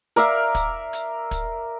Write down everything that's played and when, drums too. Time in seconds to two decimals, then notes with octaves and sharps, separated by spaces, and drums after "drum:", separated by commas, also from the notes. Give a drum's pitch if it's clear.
0.16 A#4 D5 E5 F5, drum: hi-hat
0.55 drum: kick, hi-hat
0.93 drum: hi-hat
1.31 drum: kick, hi-hat